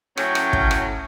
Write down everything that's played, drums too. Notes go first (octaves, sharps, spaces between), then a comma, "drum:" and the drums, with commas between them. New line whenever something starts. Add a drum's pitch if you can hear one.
A2 F#3 C#4 G5, drum: rim click
drum: rim click
drum: kick
drum: rim click